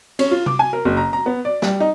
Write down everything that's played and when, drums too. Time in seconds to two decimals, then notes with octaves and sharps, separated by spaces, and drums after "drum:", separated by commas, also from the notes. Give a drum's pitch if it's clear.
0.19 C#4, drum: cymbal
0.31 F4
0.46 D6, drum: tom
0.59 G#5
0.73 A#4
0.85 F#1
0.97 A#5
1.13 A#5
1.26 B3
1.45 D5
1.62 G3, drum: snare
1.80 D#4